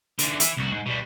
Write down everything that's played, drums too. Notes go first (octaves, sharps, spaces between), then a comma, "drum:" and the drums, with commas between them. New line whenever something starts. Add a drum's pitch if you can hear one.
D3 E3, drum: hi-hat
E3 E4, drum: hi-hat
C2 F#4
G#2
B2 G3